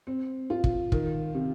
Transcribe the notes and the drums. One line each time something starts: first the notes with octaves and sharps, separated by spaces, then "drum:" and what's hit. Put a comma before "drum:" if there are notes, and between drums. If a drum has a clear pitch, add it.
C4
F4
drum: kick
D#3, drum: kick
C3